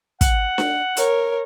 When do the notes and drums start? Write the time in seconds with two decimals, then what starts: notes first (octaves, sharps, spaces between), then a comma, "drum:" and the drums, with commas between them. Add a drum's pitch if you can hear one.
0.21 F#5, drum: kick, hi-hat
0.58 drum: snare D4
0.97 A#4 C#5, drum: hi-hat